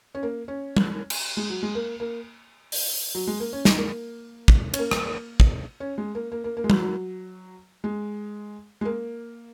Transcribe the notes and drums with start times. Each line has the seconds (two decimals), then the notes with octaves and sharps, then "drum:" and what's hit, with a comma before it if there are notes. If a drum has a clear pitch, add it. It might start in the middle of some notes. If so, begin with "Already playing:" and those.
0.15 C#4
0.23 A#3
0.48 C#4
0.77 drum: tom G3
1.10 drum: cymbal
1.37 G#3
1.50 F#3
1.63 G#3
1.75 A#3
2.00 A#3
2.72 drum: open hi-hat
3.15 F#3
3.27 G#3
3.40 A#3
3.53 C#4
3.65 D#4, drum: snare
3.77 A#3
4.48 drum: kick
4.74 C#4, drum: cymbal
4.79 A#3
4.91 drum: rim click
5.40 drum: kick
5.80 C#4
5.98 G#3
6.15 A#3
6.32 A#3
6.44 A#3
6.57 A#3
6.64 G#3
6.70 F#3, drum: tom G3
6.82 F#3
7.84 G#3
8.81 G#3
8.85 A#3